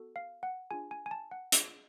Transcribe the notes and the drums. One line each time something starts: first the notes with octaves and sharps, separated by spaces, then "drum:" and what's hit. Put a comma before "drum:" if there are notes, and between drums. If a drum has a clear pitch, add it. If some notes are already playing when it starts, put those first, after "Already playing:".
Already playing: B3 F#4 A4
F5
F#5
D4 F4 G#4 G#5
G#5
G#5
A5
F#5
D4 F4 G#4, drum: hi-hat